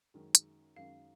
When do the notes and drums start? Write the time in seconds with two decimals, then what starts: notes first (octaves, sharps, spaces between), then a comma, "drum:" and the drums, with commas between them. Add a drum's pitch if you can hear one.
0.14 F#2 D#3 G#3 C#4
0.35 drum: hi-hat
0.76 F#2 D#3 G#3 C#4 F5